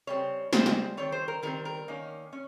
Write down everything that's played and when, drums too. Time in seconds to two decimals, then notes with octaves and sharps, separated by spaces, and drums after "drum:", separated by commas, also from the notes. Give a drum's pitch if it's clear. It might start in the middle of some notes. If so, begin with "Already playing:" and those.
0.07 C#3 G3 C4 C#5
0.53 C#3 G3 C4 C5, drum: snare
0.66 drum: snare
0.97 D#3 G3 C4 C#5
1.12 C5
1.28 A#4
1.43 D#3 G3 C4 A#4
1.65 A#4
1.88 D#3 A#3 C#4
2.33 C#4